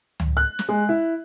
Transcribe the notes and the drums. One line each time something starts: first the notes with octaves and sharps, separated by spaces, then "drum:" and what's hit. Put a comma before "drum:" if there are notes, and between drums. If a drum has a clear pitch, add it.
drum: tom C#2
F#6
drum: snare
G#3
E4